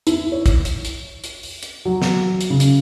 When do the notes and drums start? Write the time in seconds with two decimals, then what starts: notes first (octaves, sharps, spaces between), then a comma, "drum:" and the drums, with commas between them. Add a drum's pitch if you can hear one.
0.07 E4, drum: hi-hat
0.32 C#5
0.46 drum: kick, hi-hat
0.65 drum: hi-hat
0.85 drum: hi-hat
1.24 drum: hi-hat
1.43 drum: open hi-hat
1.63 drum: hi-hat
1.85 F#3
2.02 drum: snare
2.41 drum: hi-hat
2.50 C#3
2.60 drum: hi-hat